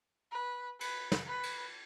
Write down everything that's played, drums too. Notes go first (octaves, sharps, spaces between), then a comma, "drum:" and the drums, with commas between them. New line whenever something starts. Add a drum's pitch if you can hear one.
B4
B4, drum: cymbal
drum: snare
B4
drum: cymbal